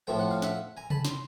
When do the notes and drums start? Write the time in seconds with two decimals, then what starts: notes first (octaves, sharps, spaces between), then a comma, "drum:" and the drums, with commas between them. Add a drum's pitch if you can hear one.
0.07 A2 F3 A3 C4 G5
0.19 F#5
0.31 F5
0.42 E5 F#5, drum: snare
0.77 G#5 A#5
0.90 A5 B5, drum: tom C3
1.05 A#5 C6, drum: snare